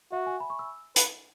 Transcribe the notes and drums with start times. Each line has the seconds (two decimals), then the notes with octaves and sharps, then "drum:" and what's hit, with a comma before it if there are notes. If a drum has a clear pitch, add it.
0.12 F#4 E5
0.26 G#5
0.40 B5
0.50 C#6
0.59 E6
0.96 B4, drum: hi-hat